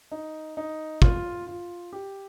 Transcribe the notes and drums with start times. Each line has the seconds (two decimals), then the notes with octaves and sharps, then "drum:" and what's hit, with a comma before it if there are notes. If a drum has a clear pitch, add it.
0.12 D#4
0.57 D#4
1.02 F4, drum: kick
1.47 F4
1.93 G4